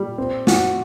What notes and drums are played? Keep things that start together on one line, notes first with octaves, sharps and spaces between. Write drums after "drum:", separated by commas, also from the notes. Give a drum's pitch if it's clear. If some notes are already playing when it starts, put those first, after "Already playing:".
Already playing: G3
C4
F#4, drum: snare